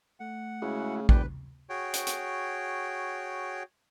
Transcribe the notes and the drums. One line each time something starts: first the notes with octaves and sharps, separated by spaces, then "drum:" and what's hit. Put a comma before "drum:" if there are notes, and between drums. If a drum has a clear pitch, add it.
A3 F#5
C#3 G#3 E4 F#4
F1 B4 D5 G5, drum: kick
F#4 G#4 C#5 G5
drum: hi-hat
drum: hi-hat